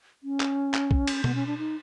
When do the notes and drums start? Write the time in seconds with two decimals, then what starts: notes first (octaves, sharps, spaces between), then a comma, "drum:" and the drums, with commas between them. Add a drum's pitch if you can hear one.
0.23 C#4
0.40 drum: clap
0.74 drum: clap
0.91 drum: kick
1.07 drum: cymbal
1.24 B3, drum: tom B2
1.35 C#4
1.47 D4
1.58 D#4